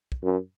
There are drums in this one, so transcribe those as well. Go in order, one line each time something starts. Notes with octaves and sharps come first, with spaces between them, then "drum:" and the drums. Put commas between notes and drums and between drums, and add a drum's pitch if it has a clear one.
drum: kick
F#2